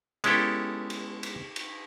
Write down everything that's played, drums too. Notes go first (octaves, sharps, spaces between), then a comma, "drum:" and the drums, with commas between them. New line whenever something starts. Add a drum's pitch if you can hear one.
G#3 B3 C#4 E4 G4 A4, drum: cymbal
drum: cymbal
drum: cymbal
drum: cymbal